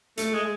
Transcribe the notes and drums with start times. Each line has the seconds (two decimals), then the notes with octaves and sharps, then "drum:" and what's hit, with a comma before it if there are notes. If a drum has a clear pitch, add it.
0.17 A3, drum: hi-hat
0.34 G#3